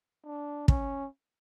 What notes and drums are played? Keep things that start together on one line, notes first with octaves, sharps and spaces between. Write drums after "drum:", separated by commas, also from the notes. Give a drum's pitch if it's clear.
D4
C#4, drum: kick